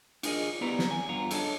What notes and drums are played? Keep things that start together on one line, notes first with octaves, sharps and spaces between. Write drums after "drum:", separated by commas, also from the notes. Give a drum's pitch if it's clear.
D4 F4 G#4 A#4 D#5, drum: cymbal
B3 E4 G4 B4 D5 A#5
drum: snare
G#5
G2 B3 F4 A#5
D4 A4 C#5 D#5 F#5 A5, drum: cymbal